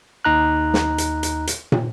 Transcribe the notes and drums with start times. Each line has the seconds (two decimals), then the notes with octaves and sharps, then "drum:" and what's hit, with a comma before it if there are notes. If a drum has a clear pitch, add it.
0.25 D#2 D#4 A#5 F#6
0.74 drum: snare
0.98 drum: hi-hat
1.23 drum: hi-hat
1.47 drum: hi-hat
1.72 drum: tom